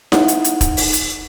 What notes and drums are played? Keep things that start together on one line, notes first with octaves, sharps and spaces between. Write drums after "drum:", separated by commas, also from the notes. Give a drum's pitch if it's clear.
D#4 F#5, drum: snare E4
drum: hi-hat
drum: hi-hat
drum: kick, hi-hat
drum: open hi-hat
drum: hi-hat